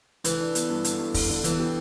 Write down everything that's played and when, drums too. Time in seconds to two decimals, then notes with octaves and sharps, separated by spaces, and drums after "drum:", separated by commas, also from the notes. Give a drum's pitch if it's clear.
0.25 D3 E3, drum: hi-hat
0.40 D4
0.55 B3, drum: hi-hat
0.70 G2
0.84 D3, drum: hi-hat
0.99 G2
1.14 D3, drum: kick, open hi-hat
1.29 D3
1.44 E3 B3, drum: hi-hat
1.59 G4